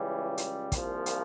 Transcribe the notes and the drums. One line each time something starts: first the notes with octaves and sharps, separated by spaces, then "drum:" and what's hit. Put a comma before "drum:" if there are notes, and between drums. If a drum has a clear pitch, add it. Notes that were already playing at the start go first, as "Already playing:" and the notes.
Already playing: C#2 C#3 E3 G3
drum: hi-hat
C2 A#2 F3, drum: kick, hi-hat
drum: hi-hat